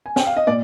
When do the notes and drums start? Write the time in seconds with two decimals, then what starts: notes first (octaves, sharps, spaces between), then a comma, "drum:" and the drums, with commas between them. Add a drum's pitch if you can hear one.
0.06 G#5
0.16 G5, drum: snare
0.26 F5
0.37 D#5
0.47 A#2 D5